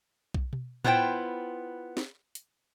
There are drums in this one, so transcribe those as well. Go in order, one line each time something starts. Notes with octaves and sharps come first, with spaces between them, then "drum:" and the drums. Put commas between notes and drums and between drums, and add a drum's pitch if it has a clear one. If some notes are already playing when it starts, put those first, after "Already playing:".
drum: kick B1
drum: tom B2
B3 E4 F4 C5 G5, drum: tom A2
drum: snare
drum: hi-hat